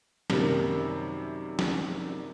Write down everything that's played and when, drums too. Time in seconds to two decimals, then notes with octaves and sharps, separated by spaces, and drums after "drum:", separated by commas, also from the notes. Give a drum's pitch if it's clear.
0.30 F#2 C3 D#3 G3 A#3, drum: snare
1.59 drum: snare